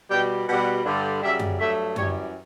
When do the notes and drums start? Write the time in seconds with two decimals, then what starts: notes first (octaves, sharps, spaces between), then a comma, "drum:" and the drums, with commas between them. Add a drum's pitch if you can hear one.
0.10 B2 G3 G5
0.48 B2 G3 F#5
0.85 G2 D3 G3
1.23 F#2 C#3 G3 E5
1.39 drum: tom F#2
1.59 G2 F#3 A3 E5
1.96 F#2 E3 G3 C#5, drum: tom F#2